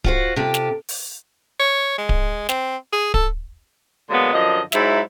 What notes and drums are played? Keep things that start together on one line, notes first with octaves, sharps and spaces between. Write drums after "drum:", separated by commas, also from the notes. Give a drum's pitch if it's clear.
F4 F#4 C5, drum: kick D1
C3 F4 G4 A4
drum: snare
drum: open hi-hat
C#5
G#3
drum: kick D1
C4, drum: snare
G#4
A4, drum: kick D1
D3 F#3 G#3 A#3 B3
F#2 D3 F3 D#5
G#2 F#3 E4, drum: snare